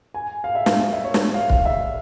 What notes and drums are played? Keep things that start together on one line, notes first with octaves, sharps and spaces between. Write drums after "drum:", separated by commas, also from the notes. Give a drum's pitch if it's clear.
G#5
F5
E5
F5, drum: snare
E5
C#5
drum: snare
F5
F5, drum: kick
E5